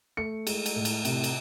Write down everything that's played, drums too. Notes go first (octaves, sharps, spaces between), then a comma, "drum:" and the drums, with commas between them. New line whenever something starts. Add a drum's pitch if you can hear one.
A3 C#7
G#3, drum: cymbal
drum: cymbal
A2
drum: cymbal
C3, drum: cymbal
drum: cymbal